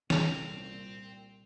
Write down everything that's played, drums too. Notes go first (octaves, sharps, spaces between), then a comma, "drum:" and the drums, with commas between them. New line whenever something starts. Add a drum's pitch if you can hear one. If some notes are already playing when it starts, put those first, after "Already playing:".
C2 A#2 C4 F7, drum: snare